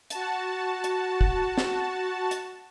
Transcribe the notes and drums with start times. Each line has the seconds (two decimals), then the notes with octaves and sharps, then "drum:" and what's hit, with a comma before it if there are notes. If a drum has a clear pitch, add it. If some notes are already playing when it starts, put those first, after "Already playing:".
0.10 F#4 A5, drum: hi-hat
0.84 drum: hi-hat
1.21 drum: kick
1.58 drum: snare
2.31 drum: hi-hat